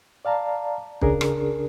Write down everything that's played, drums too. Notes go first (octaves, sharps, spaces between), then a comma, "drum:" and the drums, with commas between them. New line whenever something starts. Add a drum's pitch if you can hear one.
D5 F5 A5 A#5
C#3 D4 G#4 A#4, drum: kick
drum: rim click